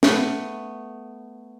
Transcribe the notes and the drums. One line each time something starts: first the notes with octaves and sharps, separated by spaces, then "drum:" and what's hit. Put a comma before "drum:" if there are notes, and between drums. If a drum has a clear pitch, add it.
A3 B3, drum: snare